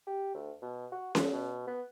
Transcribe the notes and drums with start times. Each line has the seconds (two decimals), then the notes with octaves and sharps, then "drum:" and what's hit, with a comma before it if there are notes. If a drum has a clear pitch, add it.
0.07 G4
0.35 D2
0.62 B2
0.92 F#4
1.15 F#2, drum: snare C#4
1.33 B2
1.67 B3